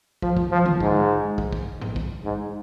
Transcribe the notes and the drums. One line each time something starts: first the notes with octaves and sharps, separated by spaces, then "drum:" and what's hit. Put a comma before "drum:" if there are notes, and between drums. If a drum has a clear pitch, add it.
F3, drum: kick
drum: kick
F3
drum: tom D3
G#2, drum: kick
drum: kick
drum: kick
drum: tom G#2
drum: kick
G#2